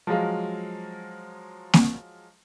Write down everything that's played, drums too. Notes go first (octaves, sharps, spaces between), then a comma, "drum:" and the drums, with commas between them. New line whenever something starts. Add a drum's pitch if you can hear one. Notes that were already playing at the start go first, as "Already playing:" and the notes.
F3 F#3 G#3 F5
drum: snare A#3